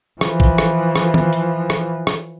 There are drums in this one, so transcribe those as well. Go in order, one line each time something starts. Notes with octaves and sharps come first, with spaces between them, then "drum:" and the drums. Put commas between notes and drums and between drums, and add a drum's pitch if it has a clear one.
E3 F3, drum: rim click
drum: kick A1
drum: rim click
drum: rim click
drum: tom D#3
drum: hi-hat
drum: rim click
drum: rim click